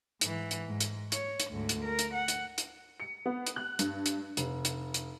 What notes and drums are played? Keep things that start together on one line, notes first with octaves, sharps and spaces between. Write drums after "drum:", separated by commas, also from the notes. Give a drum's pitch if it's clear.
G#2 E3, drum: hi-hat
drum: hi-hat
G#2
drum: hi-hat
C#5, drum: hi-hat
drum: hi-hat
D2 G#2
drum: hi-hat
A#4
drum: hi-hat
F#5
drum: hi-hat
drum: hi-hat
C#7
B3
drum: hi-hat
F#6
G2, drum: hi-hat
drum: hi-hat
F1, drum: hi-hat
drum: hi-hat
drum: hi-hat